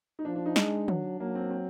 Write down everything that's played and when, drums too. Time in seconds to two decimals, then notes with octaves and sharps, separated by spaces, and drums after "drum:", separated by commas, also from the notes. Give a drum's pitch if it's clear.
0.19 D#4
0.25 F3 D4
0.35 D4
0.46 D#4
0.56 G#3 D4, drum: snare
0.88 F#3, drum: tom
1.20 F#3 A#3
1.35 C4
1.51 C4